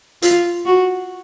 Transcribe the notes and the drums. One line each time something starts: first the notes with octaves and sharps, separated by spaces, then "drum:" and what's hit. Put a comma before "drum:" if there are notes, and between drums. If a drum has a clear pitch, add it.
F4, drum: hi-hat
F#4